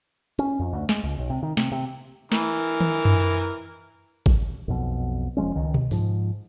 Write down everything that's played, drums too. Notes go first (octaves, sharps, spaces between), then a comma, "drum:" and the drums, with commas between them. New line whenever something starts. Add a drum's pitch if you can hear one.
C#4, drum: hi-hat
F2
D2
G#3, drum: snare
C#2
B1
C3
D#3
C3, drum: snare
C3
E3 A#4, drum: snare
drum: tom D#3
drum: tom F#2
drum: kick A1
B1 F2 B2
E1 F3 G#3 C#4
C#2 D#3
drum: tom B2
G#2 F3, drum: open hi-hat